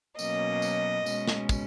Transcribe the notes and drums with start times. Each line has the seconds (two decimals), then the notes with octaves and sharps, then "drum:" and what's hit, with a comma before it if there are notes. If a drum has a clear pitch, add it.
0.19 B2 F#3 A#3 C#4 D#5, drum: tambourine
0.62 drum: tambourine
1.06 B2 G#3 C#4, drum: tambourine
1.27 drum: snare
1.49 drum: kick, tambourine